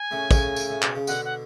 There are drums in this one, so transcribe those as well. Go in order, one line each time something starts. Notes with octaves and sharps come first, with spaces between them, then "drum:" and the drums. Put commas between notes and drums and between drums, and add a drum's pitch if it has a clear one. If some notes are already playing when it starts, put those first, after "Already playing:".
Already playing: G#5
A2 C#3
A2 C#3, drum: kick, tambourine
drum: tambourine
A2
B2, drum: clap
C#3
B2 D3 F#5, drum: tambourine
F#5